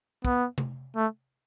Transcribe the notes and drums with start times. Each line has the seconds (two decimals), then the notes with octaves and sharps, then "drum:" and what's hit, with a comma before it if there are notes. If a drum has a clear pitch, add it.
0.25 B3, drum: kick
0.58 drum: tom C3
0.96 A3